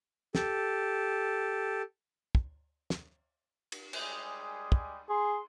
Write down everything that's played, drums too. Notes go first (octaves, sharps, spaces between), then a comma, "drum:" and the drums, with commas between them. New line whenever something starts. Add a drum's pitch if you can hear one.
G4 A4, drum: snare
drum: kick
drum: snare
drum: cymbal
G3 G#3 G#4, drum: cymbal
drum: kick
G#4 C6